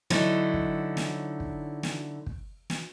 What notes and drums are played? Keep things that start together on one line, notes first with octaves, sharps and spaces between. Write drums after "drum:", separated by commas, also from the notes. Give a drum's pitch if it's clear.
D3 F#3 D#4 E4 C#5, drum: snare
drum: kick
drum: snare
drum: kick
drum: snare
drum: kick
drum: snare